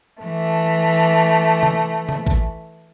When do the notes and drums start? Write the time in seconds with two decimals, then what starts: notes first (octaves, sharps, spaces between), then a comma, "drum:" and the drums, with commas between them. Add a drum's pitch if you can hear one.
0.23 E3 A3
0.93 drum: hi-hat
1.63 drum: tom C3
2.09 drum: tom C3
2.27 drum: kick A1